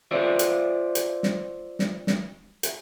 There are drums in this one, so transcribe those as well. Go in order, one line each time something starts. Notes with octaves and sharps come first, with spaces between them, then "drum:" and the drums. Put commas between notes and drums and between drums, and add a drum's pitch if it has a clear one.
F4 C5 D5 E5
drum: hi-hat
drum: hi-hat
drum: snare
drum: snare
drum: snare
drum: hi-hat